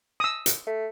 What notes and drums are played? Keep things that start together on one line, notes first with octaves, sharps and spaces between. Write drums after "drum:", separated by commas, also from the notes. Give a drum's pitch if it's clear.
D#6 E6
drum: hi-hat
A3